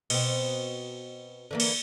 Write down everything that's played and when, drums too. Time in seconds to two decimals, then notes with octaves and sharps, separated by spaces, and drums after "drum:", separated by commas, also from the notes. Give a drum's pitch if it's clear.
0.10 B2 C4, drum: cymbal
1.51 D3 E3 A#3
1.60 drum: cymbal